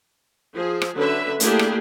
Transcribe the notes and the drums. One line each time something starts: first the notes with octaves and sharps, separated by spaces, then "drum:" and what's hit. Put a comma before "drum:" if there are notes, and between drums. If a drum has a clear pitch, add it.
F3 G#4
drum: rim click
D3 F#3 C#4 B4 E5
A3 A#3 D4 E4 G4 G#4, drum: hi-hat
drum: rim click